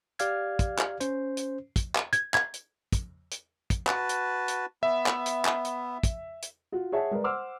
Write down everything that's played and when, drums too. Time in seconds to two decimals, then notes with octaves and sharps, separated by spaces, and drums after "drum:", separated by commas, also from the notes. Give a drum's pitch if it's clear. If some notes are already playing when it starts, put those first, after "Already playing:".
0.19 G4 D5 F5 F6 G#6, drum: hi-hat
0.59 drum: kick, hi-hat
0.79 drum: clap
1.00 C#4 C5, drum: hi-hat
1.37 drum: hi-hat
1.76 drum: kick, hi-hat
1.95 drum: clap
2.13 G#6, drum: hi-hat
2.34 G#6, drum: clap
2.54 drum: hi-hat
2.92 drum: kick, hi-hat
3.31 drum: hi-hat
3.70 drum: kick, hi-hat
3.87 F#4 B4 A5, drum: clap
4.09 drum: hi-hat
4.48 drum: hi-hat
4.83 B3 E5
5.06 drum: clap
5.26 drum: hi-hat
5.45 drum: clap
5.65 drum: hi-hat
6.03 drum: kick, hi-hat
6.42 drum: hi-hat
6.72 F4 F#4
6.92 G#4 C#5 E5 F#5 A5
7.11 G#3 A#4 B4 D5
7.24 C5 F#5 C6 D6 E6 F6